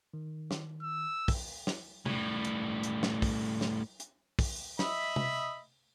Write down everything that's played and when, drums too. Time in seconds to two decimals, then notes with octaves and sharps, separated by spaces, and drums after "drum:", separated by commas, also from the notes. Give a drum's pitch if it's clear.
0.14 D#3
0.51 drum: snare
0.83 E6
1.28 drum: kick, open hi-hat
1.67 drum: snare
2.06 A2 G3, drum: tom C3
2.45 drum: hi-hat
2.83 drum: hi-hat
3.03 drum: snare
3.22 drum: kick, open hi-hat
3.61 drum: snare
4.00 drum: hi-hat
4.39 drum: kick, open hi-hat
4.79 D#5 E5 B5, drum: snare
5.16 drum: tom C3